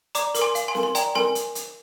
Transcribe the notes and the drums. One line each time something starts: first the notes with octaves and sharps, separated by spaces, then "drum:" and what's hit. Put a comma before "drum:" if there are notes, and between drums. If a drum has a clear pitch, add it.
D5 A#5 D6, drum: hi-hat
A#4 D6, drum: hi-hat
G#5 C6
F5, drum: hi-hat
G#5 C6
A#4, drum: snare
C6
D5 G5 A#5, drum: hi-hat
A#4 G#5 C6, drum: snare
drum: hi-hat
drum: hi-hat